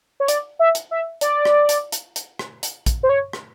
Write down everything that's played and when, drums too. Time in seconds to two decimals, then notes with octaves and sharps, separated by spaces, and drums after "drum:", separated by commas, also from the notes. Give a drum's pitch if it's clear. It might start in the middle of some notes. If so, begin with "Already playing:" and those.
0.20 C#5
0.28 D5, drum: hi-hat
0.59 E5
0.75 drum: hi-hat
0.91 E5
1.21 D5, drum: hi-hat
1.45 drum: rim click
1.69 drum: hi-hat
1.92 drum: hi-hat
2.16 drum: hi-hat
2.39 drum: rim click
2.63 drum: hi-hat
2.86 drum: kick A#1, hi-hat
3.03 C5
3.09 C#5
3.33 drum: rim click